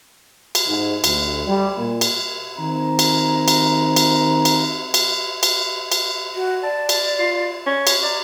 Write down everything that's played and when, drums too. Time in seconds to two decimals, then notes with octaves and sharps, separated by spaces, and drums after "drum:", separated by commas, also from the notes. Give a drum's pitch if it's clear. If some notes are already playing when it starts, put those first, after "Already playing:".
0.55 drum: cymbal
0.67 G#2
1.04 D2, drum: cymbal
1.47 G3
1.77 A#2
2.01 drum: cymbal
2.58 D#3 C4 A#5
2.99 drum: cymbal
3.48 drum: cymbal
3.96 drum: cymbal
4.45 drum: cymbal
4.94 drum: cymbal
5.43 drum: cymbal
5.92 drum: cymbal
6.34 F#4
6.63 D5 A5
6.89 drum: cymbal
7.18 F4
7.66 C#4
7.87 drum: cymbal
8.03 D5 A#5